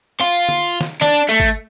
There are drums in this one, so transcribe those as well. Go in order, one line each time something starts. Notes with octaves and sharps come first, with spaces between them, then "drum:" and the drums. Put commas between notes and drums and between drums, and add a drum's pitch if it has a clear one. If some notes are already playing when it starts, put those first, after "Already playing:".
F4
drum: tom D3
drum: snare
D4, drum: snare
A3
drum: kick G#1